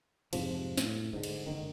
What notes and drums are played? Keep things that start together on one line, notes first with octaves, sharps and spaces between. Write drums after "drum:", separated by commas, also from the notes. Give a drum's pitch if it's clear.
F2 G#2 C3 F3, drum: cymbal
A2, drum: snare
G#2 D3
drum: cymbal
F#1 D3 D#3